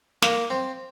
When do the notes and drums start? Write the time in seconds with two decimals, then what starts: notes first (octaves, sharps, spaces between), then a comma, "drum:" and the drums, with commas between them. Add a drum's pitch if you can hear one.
0.22 A#3, drum: snare
0.50 C4